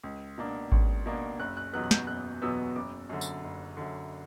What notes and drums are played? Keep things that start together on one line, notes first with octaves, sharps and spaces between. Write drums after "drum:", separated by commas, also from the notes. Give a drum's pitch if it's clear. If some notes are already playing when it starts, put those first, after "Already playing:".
C#2
B2 A#3 D4
C#2, drum: kick G#1
B2 A#3 D4
F#1 F#6
F#6
E2 B2 F#3 B3 F#6
F#6
G6, drum: snare
F#1 F#6
E2 B2 F#3 B3 E6
F#1 D6
F#2 D3
drum: tambourine
F#1
F#2 D3